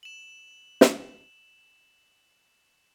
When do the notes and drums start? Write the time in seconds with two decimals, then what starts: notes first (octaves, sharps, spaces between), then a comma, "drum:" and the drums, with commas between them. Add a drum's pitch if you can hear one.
0.03 E7 F#7
0.81 drum: snare